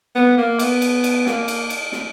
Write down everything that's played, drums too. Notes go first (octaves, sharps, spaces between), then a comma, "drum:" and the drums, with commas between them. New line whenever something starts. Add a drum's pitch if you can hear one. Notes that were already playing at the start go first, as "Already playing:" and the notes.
B3
A#3
B3, drum: cymbal
drum: cymbal
drum: cymbal
A#3, drum: snare
drum: cymbal
drum: cymbal
drum: snare